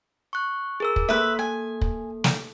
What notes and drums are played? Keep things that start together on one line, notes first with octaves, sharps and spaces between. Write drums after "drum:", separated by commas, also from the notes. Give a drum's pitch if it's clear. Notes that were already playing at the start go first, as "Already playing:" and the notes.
C#6 F#6
G#4 A#4 E6
drum: kick
A#3 A4 B4 E5
G#5
drum: kick
drum: snare